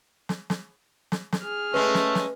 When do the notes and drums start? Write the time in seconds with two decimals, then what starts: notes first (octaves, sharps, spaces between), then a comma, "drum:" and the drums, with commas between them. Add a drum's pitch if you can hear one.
0.29 drum: snare
0.50 drum: snare
1.12 drum: snare
1.32 drum: snare
1.43 G#4 F6
1.74 G#3 A3 C#4 B4
1.95 drum: snare
2.15 drum: snare